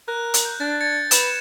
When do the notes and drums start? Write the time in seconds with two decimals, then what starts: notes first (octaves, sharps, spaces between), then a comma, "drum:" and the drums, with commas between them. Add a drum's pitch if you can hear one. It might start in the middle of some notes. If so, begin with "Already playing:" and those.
0.08 A#4 F#6
0.34 drum: hi-hat
0.45 G6
0.60 D4 A6
0.81 G#6 A6 C#7
1.11 B4 E7, drum: hi-hat